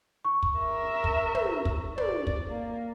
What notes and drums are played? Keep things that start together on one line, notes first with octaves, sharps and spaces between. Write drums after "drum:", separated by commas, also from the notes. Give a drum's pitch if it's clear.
C#6
drum: kick
A#4 E5
drum: kick
drum: tom
drum: kick
D5, drum: tom
drum: kick
A#3